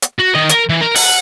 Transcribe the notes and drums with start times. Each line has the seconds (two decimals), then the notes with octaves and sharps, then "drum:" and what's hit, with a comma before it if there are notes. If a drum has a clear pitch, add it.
0.02 drum: hi-hat
0.20 F#4
0.35 D#3 D#5
0.49 A#4, drum: hi-hat
0.70 E3
0.81 A#4
0.95 F#5, drum: open hi-hat